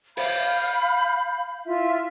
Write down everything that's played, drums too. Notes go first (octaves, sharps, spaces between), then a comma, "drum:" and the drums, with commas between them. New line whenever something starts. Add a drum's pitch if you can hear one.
F5 B5 G6, drum: open hi-hat
E4 F4 E5